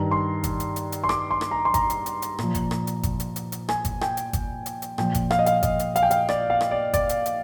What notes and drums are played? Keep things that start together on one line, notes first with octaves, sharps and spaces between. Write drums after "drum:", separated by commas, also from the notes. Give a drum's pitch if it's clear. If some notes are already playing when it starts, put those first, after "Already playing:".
Already playing: G2 D#3 A#5
C6
drum: kick G1, hi-hat
drum: hi-hat
drum: hi-hat
drum: hi-hat
C6
D6, drum: rim click
C6
drum: rim click
A#5
C6
A#5, drum: kick G1, hi-hat
drum: hi-hat
drum: hi-hat
drum: hi-hat
A#2 F3, drum: rim click
drum: kick G1, hi-hat
drum: rim click
drum: hi-hat
drum: kick G1, hi-hat
drum: hi-hat
drum: hi-hat
drum: hi-hat
G#5, drum: rim click
drum: kick G1, hi-hat
G5, drum: rim click
drum: hi-hat
drum: kick G1, hi-hat
drum: hi-hat
drum: hi-hat
A#2 F3 G5, drum: rim click
drum: kick G1, hi-hat
F5, drum: rim click
D#5
F5, drum: hi-hat
D#5, drum: kick G1, hi-hat
drum: hi-hat
F5, drum: hi-hat
G5
F5, drum: hi-hat
D5, drum: rim click
F5
drum: rim click
D5
D5, drum: kick G1, hi-hat
drum: hi-hat
drum: hi-hat